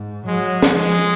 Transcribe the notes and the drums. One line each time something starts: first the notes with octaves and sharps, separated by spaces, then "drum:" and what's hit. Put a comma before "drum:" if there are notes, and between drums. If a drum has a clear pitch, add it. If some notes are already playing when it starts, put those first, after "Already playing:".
Already playing: G#2
F#3 G#3
drum: snare
F3 G#3